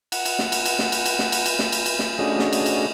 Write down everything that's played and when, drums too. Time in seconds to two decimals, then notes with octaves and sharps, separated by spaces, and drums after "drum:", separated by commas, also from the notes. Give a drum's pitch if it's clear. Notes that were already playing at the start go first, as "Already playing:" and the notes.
0.12 F#5, drum: cymbal
0.25 drum: cymbal
0.39 drum: snare
0.52 drum: cymbal
0.66 drum: cymbal
0.79 drum: snare
0.92 drum: cymbal
1.06 drum: cymbal
1.19 drum: snare
1.32 drum: cymbal
1.46 drum: cymbal
1.59 drum: snare
1.72 drum: cymbal
1.86 drum: cymbal
1.99 drum: snare
2.19 A3 C#4 D4 F#4 G#4 D#5
2.39 drum: snare
2.53 drum: cymbal
2.66 drum: cymbal